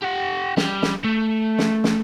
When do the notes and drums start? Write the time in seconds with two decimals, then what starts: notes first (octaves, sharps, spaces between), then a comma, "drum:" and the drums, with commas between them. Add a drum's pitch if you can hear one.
0.03 G4 F#5
0.57 G3, drum: snare
0.82 drum: snare
1.04 A3
1.59 drum: snare
1.84 drum: snare